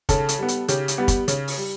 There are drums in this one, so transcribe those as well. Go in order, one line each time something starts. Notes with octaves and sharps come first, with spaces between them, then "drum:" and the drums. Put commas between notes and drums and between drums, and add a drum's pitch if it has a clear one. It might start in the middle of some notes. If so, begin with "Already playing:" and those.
C#3 A4, drum: kick, hi-hat
drum: hi-hat
G3 B3
drum: hi-hat
C#3 G4, drum: hi-hat
drum: hi-hat
G3 B3
drum: kick, hi-hat
C#3, drum: hi-hat
drum: open hi-hat
G3